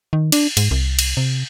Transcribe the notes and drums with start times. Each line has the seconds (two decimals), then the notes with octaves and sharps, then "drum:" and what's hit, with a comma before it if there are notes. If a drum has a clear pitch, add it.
0.13 D#3
0.32 D4, drum: cymbal
0.57 G#2, drum: cymbal
0.71 C2
0.99 drum: cymbal
1.17 C3